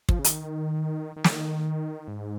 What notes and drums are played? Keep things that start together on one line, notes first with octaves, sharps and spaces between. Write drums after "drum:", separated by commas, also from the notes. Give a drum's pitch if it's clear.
F3, drum: kick
C#3
D#3, drum: hi-hat
D#3
C#3, drum: snare
D#3
G#2